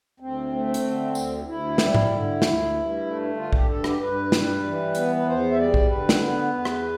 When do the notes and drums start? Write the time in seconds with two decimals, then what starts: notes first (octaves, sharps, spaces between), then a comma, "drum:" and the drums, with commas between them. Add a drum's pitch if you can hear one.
0.20 D2 C4
0.53 A3
0.74 drum: hi-hat
0.84 D3
1.15 D2, drum: tambourine
1.47 D2 E4
1.78 G3, drum: snare
1.95 drum: tom G#2
2.10 D3
2.42 D2, drum: snare
2.74 G2
3.06 A3
3.36 D3 F4
3.53 G4, drum: kick A#1
3.69 G2 A4
3.84 G4, drum: rim click
4.00 G2 B4
4.32 G3, drum: snare
4.64 E3
4.95 B3, drum: hi-hat
5.15 B4
5.26 E2 C5
5.51 E5
5.58 G3 D5
5.74 drum: kick A#1
5.90 D3 B4
6.09 drum: snare
6.21 B3
6.53 E2
6.65 drum: rim click